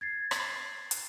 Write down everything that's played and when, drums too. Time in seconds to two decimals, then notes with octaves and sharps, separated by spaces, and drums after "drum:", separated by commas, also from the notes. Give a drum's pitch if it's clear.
0.01 G#6 A6 C7
0.31 drum: rim click
0.91 drum: hi-hat